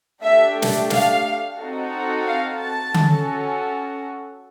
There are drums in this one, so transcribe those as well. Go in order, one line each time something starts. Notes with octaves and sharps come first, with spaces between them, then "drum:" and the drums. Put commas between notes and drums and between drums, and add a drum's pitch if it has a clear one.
A3 D4 G4 E5
drum: snare
F5, drum: snare
C4 D#4 F#4 A4
F5
A5
C#4 F#4 A4, drum: tom D3